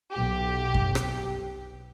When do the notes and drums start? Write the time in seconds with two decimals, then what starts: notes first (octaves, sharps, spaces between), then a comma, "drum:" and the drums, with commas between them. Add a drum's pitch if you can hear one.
0.12 B1 G4
0.74 drum: kick F#2
0.95 drum: rim click